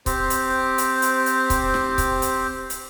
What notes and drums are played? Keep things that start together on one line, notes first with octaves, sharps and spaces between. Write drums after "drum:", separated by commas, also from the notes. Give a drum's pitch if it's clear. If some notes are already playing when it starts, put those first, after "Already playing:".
C4 G4 C5, drum: kick C#1, hi-hat
drum: hi-hat
drum: hi-hat
drum: hi-hat
drum: hi-hat
drum: kick C#1, hi-hat
drum: snare
drum: kick C#1, hi-hat
drum: hi-hat
drum: hi-hat